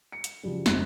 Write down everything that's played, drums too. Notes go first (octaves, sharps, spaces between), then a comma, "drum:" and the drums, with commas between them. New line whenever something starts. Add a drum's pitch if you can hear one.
C#7
drum: hi-hat
C#3 F3 G3
G1 F2 C4 D#5 F#6, drum: snare